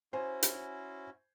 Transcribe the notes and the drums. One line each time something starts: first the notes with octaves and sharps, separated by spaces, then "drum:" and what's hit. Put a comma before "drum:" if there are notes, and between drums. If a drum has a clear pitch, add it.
C#4 E4 F#4 C5 G#5
drum: hi-hat